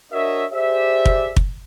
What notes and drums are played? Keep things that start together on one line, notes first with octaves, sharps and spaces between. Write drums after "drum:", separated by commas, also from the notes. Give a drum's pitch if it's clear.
D4 F#4 A#4 C#5 D#5 E5
G4 G#4 C5 D5 E5
drum: kick
drum: kick